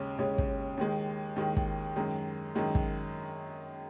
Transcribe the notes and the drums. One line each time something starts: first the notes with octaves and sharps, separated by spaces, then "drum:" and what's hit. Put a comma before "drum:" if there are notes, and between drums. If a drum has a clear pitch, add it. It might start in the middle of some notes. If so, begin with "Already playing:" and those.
Already playing: D#2 C#3 G#3 C#4
D#2 C#3 G#3 C#4
drum: kick
D#2 D#3 G#3
D#2 D#3 G#3
drum: kick
F#2 D#3 G#3
F#2 D#3 G#3
drum: kick